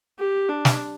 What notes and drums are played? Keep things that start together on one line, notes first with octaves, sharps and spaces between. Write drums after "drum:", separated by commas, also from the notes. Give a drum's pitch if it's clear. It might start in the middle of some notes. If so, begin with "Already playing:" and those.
G4
D4
drum: snare